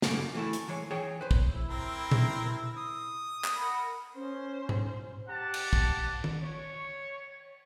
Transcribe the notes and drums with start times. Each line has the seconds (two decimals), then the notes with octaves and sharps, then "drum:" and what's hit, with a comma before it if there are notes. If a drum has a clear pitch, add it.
0.02 F#2 C#3 E3 G3 A3 A#3, drum: snare
0.35 E3 A3 E4
0.53 drum: hi-hat
0.68 E3 G#3 C#5
0.91 E3 G#4 C#5 G5
1.21 B4 C5
1.31 drum: kick
1.49 E4 E6
1.70 C4 A#4
2.11 drum: tom A#2
2.77 D#6
3.44 drum: clap
3.56 A#4 F#5 B5
4.15 C#4 C5
4.69 drum: tom G#2
5.28 G4 F#5 A5
5.54 drum: cymbal
5.73 drum: kick
6.24 drum: tom D#3
6.41 C#5